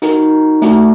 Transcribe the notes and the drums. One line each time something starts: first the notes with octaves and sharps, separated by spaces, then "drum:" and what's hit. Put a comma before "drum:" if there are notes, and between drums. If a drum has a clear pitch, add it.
D#4 F#4 A#4, drum: hi-hat
A3 D4 F#4, drum: hi-hat